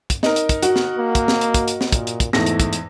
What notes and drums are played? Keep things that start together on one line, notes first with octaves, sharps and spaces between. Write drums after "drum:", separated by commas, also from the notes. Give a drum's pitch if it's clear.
drum: kick, hi-hat
D#4 A#4, drum: snare
drum: hi-hat
drum: kick, hi-hat
F#4, drum: hi-hat
drum: snare
A#3
drum: kick, hi-hat
drum: snare
drum: hi-hat
drum: kick, hi-hat
drum: hi-hat
drum: snare
A#2, drum: kick, hi-hat
drum: hi-hat
drum: kick, hi-hat
E2 G#2 A3 A#6, drum: snare
drum: hi-hat
drum: kick, hi-hat
drum: hi-hat